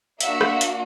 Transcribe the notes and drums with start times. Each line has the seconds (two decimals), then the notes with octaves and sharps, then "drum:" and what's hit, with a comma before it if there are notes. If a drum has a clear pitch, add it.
0.21 A#3 D4 F#4 E5 F#5, drum: hi-hat
0.41 drum: rim click
0.61 drum: hi-hat